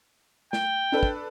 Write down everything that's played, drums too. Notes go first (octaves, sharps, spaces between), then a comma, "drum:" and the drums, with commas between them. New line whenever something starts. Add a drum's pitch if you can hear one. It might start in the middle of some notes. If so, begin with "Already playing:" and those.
G5, drum: snare
D4 A4 B4
drum: kick